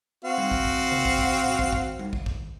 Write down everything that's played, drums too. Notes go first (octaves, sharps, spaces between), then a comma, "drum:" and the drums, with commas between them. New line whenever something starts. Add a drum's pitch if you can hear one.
C4 F#4 F5
drum: tom G3
drum: kick
drum: kick
drum: tom C3
drum: kick
drum: kick
drum: tom A2
drum: kick
drum: kick
drum: tom G3
drum: kick
drum: kick